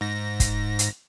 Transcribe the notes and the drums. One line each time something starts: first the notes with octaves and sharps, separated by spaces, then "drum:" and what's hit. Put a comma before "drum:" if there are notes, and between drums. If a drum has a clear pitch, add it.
G#2 A#6
drum: kick, hi-hat
drum: hi-hat